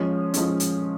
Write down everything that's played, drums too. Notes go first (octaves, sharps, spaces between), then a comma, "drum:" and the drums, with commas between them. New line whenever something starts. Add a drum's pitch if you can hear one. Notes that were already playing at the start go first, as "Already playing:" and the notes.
Already playing: F3 G#3 C#4
F3 G#3 C#4, drum: hi-hat
drum: hi-hat